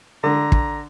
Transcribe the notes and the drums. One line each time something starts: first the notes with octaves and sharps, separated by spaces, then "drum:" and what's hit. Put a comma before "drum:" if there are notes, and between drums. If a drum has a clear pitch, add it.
D3 A#5
drum: kick